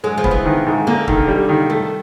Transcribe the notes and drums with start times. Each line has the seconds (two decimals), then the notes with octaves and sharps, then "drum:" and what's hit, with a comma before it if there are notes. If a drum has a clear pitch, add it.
0.04 F#3 G#3
0.18 F3
0.24 B3, drum: kick
0.31 E3
0.45 D#3
0.66 G#2
0.87 D3 A#3
1.08 D#3, drum: kick
1.28 G3
1.49 D#3
1.70 G3 A3